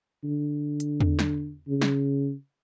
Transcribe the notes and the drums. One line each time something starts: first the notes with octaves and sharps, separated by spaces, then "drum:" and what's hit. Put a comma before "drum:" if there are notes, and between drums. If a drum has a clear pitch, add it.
D3
drum: hi-hat
drum: tom E2
drum: snare
C#3
drum: snare